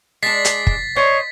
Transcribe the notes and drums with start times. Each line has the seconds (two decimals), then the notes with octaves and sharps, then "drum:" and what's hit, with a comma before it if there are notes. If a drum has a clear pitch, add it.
0.23 G#3 D4 A6 B6 C7
0.45 drum: hi-hat
0.67 drum: kick
0.96 C5 C#5 D#5